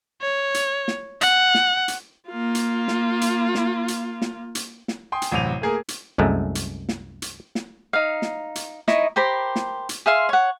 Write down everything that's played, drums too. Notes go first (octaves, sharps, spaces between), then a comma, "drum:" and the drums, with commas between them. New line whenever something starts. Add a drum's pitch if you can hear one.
C#5
drum: hi-hat
drum: snare
F#5, drum: hi-hat
drum: snare
drum: hi-hat
A#3 F4
drum: hi-hat
drum: snare
drum: hi-hat
drum: snare
drum: hi-hat
drum: snare
drum: hi-hat
drum: snare
G5 G#5 C6 D#6
drum: hi-hat
A1 F#2 C3 D#7 F7
A3 A#3 G#4 A#4
drum: hi-hat
C2 F#2 G#3 A3
drum: hi-hat
drum: snare
drum: hi-hat
drum: snare
D#4 F5
drum: snare
drum: hi-hat
D#4 E4 C#5 D#5, drum: snare
G4 A#4 C5 B5
drum: snare
drum: hi-hat
G#4 E5 F5 C6
C#5 F#5